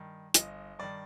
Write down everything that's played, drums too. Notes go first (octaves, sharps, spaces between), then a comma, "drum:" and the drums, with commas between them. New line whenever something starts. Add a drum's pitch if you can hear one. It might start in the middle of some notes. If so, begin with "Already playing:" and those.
Already playing: G2 D#3
G1 D#5, drum: hi-hat
G2 D#3 D5